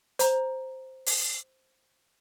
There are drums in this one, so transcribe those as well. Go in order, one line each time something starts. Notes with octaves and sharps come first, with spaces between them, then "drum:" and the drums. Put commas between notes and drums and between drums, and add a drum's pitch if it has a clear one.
C5 A#5, drum: hi-hat
drum: open hi-hat